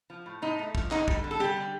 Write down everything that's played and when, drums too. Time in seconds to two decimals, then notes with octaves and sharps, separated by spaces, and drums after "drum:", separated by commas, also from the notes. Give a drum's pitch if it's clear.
0.10 F3
0.26 A2
0.42 A2 D#4
0.59 A3
0.75 F3, drum: kick
0.91 D3 D#4, drum: clap
1.08 G3, drum: kick
1.24 D3
1.31 A4
1.40 G3 G4
1.56 D3